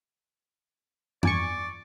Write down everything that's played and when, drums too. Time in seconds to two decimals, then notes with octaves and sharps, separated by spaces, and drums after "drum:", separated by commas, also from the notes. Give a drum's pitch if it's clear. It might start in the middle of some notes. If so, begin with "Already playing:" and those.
1.23 F2 D5 G#5 C#6, drum: tom G2